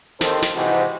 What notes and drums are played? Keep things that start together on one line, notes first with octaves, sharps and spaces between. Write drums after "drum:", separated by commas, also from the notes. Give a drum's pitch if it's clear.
D#2 D#3 C4 A4 C5, drum: snare
drum: snare
G#2 C3 E3 D#4 F#4